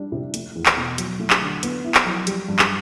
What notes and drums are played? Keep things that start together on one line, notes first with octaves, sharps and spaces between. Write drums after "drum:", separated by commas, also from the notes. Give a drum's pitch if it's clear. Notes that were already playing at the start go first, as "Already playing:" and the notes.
Already playing: G3 D4
C3
A3, drum: hi-hat
E2
drum: clap
B2
F#3, drum: hi-hat
A3
drum: clap
D3
B3, drum: hi-hat
E4
drum: clap
F#3
G3, drum: hi-hat
G2
drum: clap